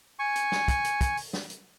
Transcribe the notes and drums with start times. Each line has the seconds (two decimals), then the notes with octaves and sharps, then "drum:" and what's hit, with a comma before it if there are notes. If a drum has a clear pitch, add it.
0.19 G#5 C#6
0.35 drum: hi-hat
0.52 drum: snare
0.68 drum: kick, hi-hat
0.84 drum: hi-hat
1.01 drum: kick, hi-hat
1.17 drum: open hi-hat
1.33 drum: snare
1.50 drum: hi-hat